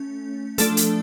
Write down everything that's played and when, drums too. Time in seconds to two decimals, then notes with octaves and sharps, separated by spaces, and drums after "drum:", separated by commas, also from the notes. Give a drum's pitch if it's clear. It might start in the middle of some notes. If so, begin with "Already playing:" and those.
Already playing: A3 C#4
0.58 F3 A3 D4 A4, drum: hi-hat
0.77 drum: hi-hat